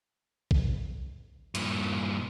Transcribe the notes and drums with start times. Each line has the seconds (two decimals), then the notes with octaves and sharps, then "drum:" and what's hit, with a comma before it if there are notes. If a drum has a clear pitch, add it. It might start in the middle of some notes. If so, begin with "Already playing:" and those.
0.51 drum: kick A#1
1.55 G2 A#2, drum: hi-hat